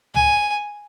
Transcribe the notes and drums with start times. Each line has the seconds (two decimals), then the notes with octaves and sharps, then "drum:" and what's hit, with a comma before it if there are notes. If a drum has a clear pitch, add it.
0.14 G#5, drum: tom C#2